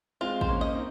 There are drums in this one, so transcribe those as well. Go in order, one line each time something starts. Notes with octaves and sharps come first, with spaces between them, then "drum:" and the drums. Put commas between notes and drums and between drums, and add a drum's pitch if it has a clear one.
G#3 C4 F4
C5, drum: kick A1
A#3 C#4
D#5
C4 D#4